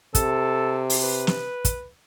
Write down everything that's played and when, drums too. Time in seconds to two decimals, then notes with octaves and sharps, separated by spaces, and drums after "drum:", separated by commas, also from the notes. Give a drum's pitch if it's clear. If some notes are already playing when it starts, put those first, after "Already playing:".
0.15 C3 A4, drum: kick, hi-hat
0.90 drum: open hi-hat
1.03 B4
1.27 drum: snare
1.65 drum: kick, hi-hat